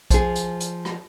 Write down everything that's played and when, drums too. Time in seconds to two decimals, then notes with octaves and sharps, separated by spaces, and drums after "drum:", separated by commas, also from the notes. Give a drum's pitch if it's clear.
0.11 F3 G#4, drum: kick A#1, hi-hat
0.35 drum: hi-hat
0.60 drum: hi-hat
0.85 drum: rim click